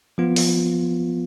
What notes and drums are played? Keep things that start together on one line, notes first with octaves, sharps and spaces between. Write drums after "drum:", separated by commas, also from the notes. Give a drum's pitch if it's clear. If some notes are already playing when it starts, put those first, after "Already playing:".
F3 B3 F4
drum: open hi-hat